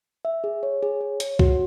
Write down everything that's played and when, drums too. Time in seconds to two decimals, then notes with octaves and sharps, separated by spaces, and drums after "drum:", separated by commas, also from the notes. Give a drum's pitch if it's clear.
0.25 E5
0.44 G#4
0.63 C#5
0.83 G#4
1.01 C#5
1.20 C#5, drum: hi-hat
1.39 F#4, drum: kick